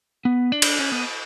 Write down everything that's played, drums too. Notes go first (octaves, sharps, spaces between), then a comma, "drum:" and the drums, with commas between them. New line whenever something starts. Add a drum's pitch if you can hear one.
B3
D4
drum: cymbal
C#4
B3